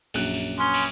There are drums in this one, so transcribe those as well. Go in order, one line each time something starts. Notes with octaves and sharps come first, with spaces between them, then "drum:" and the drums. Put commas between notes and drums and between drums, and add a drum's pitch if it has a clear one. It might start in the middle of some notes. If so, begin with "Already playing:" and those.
A#1 F#2 F#6, drum: cymbal
drum: cymbal
B3 C#4 C6
drum: cymbal